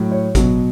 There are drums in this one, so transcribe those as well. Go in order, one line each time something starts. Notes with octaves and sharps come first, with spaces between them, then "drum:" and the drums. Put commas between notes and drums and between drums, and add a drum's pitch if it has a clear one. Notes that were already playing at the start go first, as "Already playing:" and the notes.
Already playing: A2 F#3
C#5
B2 F#3, drum: kick G#1, hi-hat